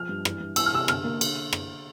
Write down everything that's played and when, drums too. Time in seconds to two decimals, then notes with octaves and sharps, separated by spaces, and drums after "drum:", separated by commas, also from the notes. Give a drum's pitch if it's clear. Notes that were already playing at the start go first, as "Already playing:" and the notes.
Already playing: F3 F6
0.09 G2
0.25 E3, drum: rim click
0.40 G2
0.56 E3 E6, drum: cymbal
0.66 F6
0.73 C3 E6
0.88 D3 F6, drum: rim click
1.04 A#3
1.21 D3, drum: cymbal
1.53 drum: rim click